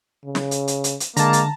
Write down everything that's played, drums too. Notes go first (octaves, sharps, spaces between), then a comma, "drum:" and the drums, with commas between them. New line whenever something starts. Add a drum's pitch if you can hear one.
C#3
drum: snare
drum: hi-hat
drum: hi-hat
drum: hi-hat
drum: hi-hat
D3 G#3 A#3 A5 A#5, drum: hi-hat
drum: hi-hat